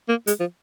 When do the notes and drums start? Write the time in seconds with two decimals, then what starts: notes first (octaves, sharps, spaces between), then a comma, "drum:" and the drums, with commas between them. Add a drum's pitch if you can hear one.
0.09 A#3
0.27 G#3, drum: hi-hat
0.40 F3